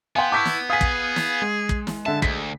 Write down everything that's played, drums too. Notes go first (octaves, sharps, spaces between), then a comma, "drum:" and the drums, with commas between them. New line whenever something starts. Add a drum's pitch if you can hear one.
B3 F5 G5 G#5 C6
E4 A5 C#6 D6 G6 B6
drum: snare
G#4 F5 G#5 D#6 B6
drum: kick
drum: snare
G#3
drum: kick
drum: snare
D3 E5 A5
D2 B6, drum: kick